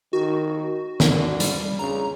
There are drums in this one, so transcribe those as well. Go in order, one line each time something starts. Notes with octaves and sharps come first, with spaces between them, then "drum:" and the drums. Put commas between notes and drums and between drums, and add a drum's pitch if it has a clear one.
D#3 F#4
D3, drum: snare
G3, drum: hi-hat
C#3 A#5